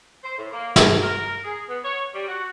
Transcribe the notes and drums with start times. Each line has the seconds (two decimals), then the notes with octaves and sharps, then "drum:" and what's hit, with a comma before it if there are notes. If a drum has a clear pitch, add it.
0.24 C5
0.38 A2
0.53 A#3
0.76 G3, drum: snare
1.01 A#4
1.45 G#4
1.68 B3
1.83 C#5
2.13 G3
2.27 F#4